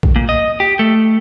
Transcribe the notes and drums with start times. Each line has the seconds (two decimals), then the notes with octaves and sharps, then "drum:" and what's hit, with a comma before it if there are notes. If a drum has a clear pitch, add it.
0.03 drum: kick
0.16 A#2
0.29 D#5
0.60 G4
0.79 A3